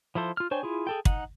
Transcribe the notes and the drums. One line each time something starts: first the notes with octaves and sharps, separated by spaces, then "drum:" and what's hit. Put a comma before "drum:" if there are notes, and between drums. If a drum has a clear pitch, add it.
F3 E4 A4 C5
F4 F6
D4 C5 C#5 G5 G#5
E4 F4 G#4
G#4 A4 G5
D#4 F#5, drum: kick